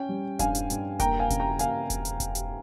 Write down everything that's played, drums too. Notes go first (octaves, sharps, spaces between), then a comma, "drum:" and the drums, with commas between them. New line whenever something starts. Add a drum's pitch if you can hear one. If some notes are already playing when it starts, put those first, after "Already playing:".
Already playing: C#4 G5
G3
G2 F5 G#5, drum: kick E1, hi-hat
drum: hi-hat
G2, drum: hi-hat
A#3 G5 A#5, drum: kick E1, hi-hat
F5 G#5
C#3, drum: kick E1, hi-hat
G5 A#5
A#3 F5 G#5, drum: hi-hat
drum: kick E1, hi-hat
drum: hi-hat
drum: kick E1, hi-hat
drum: hi-hat